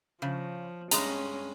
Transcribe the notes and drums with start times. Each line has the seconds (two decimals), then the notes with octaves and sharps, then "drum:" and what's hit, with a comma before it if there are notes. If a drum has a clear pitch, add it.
0.22 C#3 F3
0.91 G2 G#3 C#4 A#5, drum: hi-hat